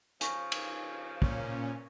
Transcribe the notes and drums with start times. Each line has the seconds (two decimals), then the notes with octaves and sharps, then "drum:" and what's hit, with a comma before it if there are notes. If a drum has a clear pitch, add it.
0.21 C#3 F3 G#5 C#6 A#6, drum: hi-hat
0.52 drum: cymbal
1.22 A#2 C#4, drum: kick